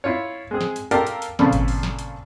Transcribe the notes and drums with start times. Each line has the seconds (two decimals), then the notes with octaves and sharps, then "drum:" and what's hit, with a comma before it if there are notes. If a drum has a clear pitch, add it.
0.04 E4 F4 C#5
0.51 G#3 C4 G#4
0.61 drum: snare
0.76 drum: hi-hat
0.91 F4 G4 A4 A#4 D5 F5, drum: hi-hat
1.07 drum: hi-hat
1.22 drum: hi-hat
1.39 F2 A#2 C#3 F3 A4 B5, drum: snare
1.53 drum: kick G#1, hi-hat
1.68 drum: open hi-hat
1.83 drum: snare
1.99 drum: hi-hat